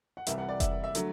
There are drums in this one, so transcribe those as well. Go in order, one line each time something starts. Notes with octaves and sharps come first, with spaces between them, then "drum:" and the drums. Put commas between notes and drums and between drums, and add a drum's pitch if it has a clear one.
F#5
C2 C3 E3 G3 E5, drum: hi-hat
F#5
D5
E5, drum: kick F1, hi-hat
E5
D3 F#3 A3, drum: hi-hat